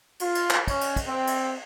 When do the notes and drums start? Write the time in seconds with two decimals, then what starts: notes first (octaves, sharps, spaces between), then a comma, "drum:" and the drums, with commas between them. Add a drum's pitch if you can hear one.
0.20 F4, drum: cymbal
0.35 drum: cymbal
0.50 drum: clap
0.68 C#4, drum: kick, cymbal
0.81 drum: cymbal
0.96 drum: kick, cymbal
1.07 C4
1.27 drum: cymbal